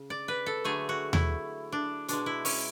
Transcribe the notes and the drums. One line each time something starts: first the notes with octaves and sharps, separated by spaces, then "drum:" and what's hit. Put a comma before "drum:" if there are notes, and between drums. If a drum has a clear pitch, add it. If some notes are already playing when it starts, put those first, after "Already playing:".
Already playing: C#3
D5
B4
A4
D3 F#3 A3 G#4
F#4
E4, drum: tom D#2
D4
B2 G#3 D4, drum: hi-hat
E4
C#4, drum: open hi-hat